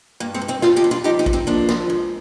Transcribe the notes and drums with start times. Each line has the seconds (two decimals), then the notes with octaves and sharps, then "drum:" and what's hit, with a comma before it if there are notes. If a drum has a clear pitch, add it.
0.20 G2 A#3
0.34 G#3 C4
0.42 G2
0.48 C4 D#4
0.62 F3 D4 F4, drum: snare
0.76 D#4 G4
0.84 G2
0.91 D4 F4
1.04 F3 D#4 G4
1.19 D#4 G4
1.26 G2, drum: kick A1
1.33 C4 D#4
1.47 F3 A#3 D4
1.69 F3, drum: snare
1.90 G#2